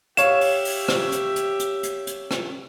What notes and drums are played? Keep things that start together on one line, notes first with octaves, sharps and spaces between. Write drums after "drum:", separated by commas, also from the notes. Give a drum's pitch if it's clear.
G4 C#5 E5 F5 E7, drum: hi-hat
drum: open hi-hat
drum: open hi-hat
drum: rim click
drum: hi-hat
drum: hi-hat
drum: hi-hat
drum: hi-hat
drum: hi-hat
drum: rim click